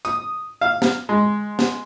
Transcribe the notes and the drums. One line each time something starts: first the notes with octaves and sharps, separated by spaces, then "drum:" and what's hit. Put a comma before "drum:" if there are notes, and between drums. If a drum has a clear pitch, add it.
D#6, drum: hi-hat
F5
drum: snare
G#3
drum: snare